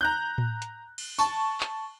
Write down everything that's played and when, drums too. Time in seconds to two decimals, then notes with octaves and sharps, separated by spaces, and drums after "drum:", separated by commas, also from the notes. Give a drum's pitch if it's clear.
0.01 A#5 F#6 G6
0.38 drum: tom A2
0.62 drum: hi-hat
0.98 drum: cymbal
1.19 A5 C#6, drum: tambourine
1.60 drum: clap